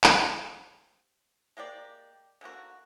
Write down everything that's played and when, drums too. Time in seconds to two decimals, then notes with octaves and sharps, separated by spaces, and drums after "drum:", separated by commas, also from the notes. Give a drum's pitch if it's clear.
0.04 G4 C5, drum: clap
1.57 G#3 A#3 G4 D5
2.41 D3 G#3 A#3 F#4